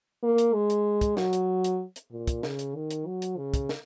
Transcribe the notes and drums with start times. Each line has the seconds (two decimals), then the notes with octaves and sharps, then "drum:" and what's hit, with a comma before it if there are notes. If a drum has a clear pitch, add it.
0.23 A#3
0.38 drum: hi-hat
0.54 G#3
0.70 drum: hi-hat
1.01 drum: kick, hi-hat
1.17 F#3, drum: snare
1.33 drum: hi-hat
1.64 drum: hi-hat
1.96 drum: hi-hat
2.12 A#2
2.27 drum: kick, hi-hat
2.43 C#3, drum: snare
2.59 drum: hi-hat
2.75 D#3
2.91 drum: hi-hat
3.06 F#3
3.22 drum: hi-hat
3.37 C#3
3.54 drum: kick, hi-hat
3.69 drum: snare